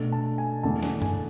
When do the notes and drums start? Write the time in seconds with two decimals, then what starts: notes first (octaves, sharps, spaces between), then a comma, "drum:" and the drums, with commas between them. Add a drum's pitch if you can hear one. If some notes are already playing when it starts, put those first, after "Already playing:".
Already playing: B2 A3 D4
0.12 A5
0.38 G#5
0.63 E2 D3 A3 A5
0.83 drum: snare
1.02 G#5, drum: tom F#2